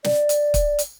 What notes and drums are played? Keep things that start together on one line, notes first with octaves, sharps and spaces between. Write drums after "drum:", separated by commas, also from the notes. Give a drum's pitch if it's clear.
D5, drum: snare
drum: hi-hat
drum: kick, hi-hat
drum: hi-hat